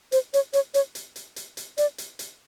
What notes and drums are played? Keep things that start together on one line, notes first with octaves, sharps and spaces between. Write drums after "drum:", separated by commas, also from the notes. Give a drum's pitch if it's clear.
C5, drum: hi-hat
C#5, drum: hi-hat
C#5, drum: hi-hat
C#5, drum: hi-hat
drum: hi-hat
drum: hi-hat
drum: hi-hat
drum: hi-hat
D5, drum: hi-hat
drum: hi-hat
drum: hi-hat